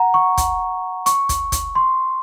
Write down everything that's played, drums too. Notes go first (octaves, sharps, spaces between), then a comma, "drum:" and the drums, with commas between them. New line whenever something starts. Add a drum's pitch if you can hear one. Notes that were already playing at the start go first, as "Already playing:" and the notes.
Already playing: F#5 A#5
C#6
drum: kick, hi-hat
C#6, drum: hi-hat
drum: kick, hi-hat
drum: kick, hi-hat
C6